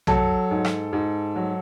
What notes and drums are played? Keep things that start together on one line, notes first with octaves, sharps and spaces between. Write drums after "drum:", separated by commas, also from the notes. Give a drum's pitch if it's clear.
F#3 A4, drum: tom A#1
G#2
drum: rim click
G#2
F#3